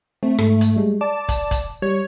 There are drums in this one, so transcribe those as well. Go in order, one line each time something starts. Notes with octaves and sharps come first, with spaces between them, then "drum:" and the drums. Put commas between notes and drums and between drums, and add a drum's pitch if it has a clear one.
A3 C4
G#2 A4, drum: rim click
drum: hi-hat
G3 G#3
D5 A5 D6
drum: kick, hi-hat
drum: kick, hi-hat
G3 C#5